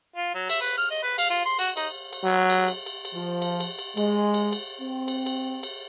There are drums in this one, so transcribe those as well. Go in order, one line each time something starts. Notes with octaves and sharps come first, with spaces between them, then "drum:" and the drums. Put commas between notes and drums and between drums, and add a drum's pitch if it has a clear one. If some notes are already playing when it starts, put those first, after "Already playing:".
F4
F#3
E5, drum: cymbal
B4
F6
D#5
B4
F5, drum: cymbal
F4
C6
F#4, drum: cymbal
D#4, drum: cymbal
drum: cymbal
F#3
drum: cymbal
drum: cymbal
drum: cymbal
drum: cymbal
F3
drum: cymbal
drum: cymbal
drum: cymbal
G#3, drum: cymbal
drum: cymbal
drum: cymbal
C4
drum: cymbal
drum: cymbal
drum: cymbal